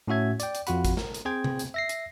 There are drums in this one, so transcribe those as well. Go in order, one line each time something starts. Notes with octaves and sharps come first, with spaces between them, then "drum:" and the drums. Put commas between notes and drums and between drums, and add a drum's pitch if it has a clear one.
A2 C#4 F#4 E5 G#6
D5 G5, drum: hi-hat
drum: hi-hat
F2 F4 F#4 F#5 B5, drum: hi-hat
drum: kick G#1, hi-hat
A#4, drum: snare
drum: hi-hat
C4 G#4 C5 G5 G#6
drum: tom C3
drum: hi-hat
E5 A#6 C7
drum: hi-hat